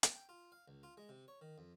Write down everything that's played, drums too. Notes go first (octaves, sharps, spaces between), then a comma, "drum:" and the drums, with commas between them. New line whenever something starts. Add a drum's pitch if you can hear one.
drum: hi-hat
G5
F4
F5
C#2
F4
G#3
C3
C#5
D#3
F2